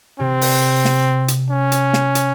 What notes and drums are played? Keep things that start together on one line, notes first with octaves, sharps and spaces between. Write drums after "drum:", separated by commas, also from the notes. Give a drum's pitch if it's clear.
C3 C4
drum: open hi-hat
drum: snare
drum: hi-hat
C#4
drum: hi-hat
drum: snare
drum: hi-hat